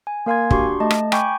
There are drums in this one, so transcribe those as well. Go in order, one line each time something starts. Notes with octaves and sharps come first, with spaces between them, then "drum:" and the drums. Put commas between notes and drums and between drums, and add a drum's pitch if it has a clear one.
G#5
A#3 A#4 F5 G#5 C6 G#6
D4 F#4 G4 C6 C#6, drum: kick
A3 D#5 A5
drum: rim click
G5 G#5 B5 C#6 D6 G6, drum: rim click